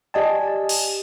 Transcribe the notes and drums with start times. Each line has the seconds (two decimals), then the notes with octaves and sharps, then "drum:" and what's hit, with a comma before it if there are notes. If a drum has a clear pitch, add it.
0.14 G4 D5 D#5 G#5 A5
0.69 drum: open hi-hat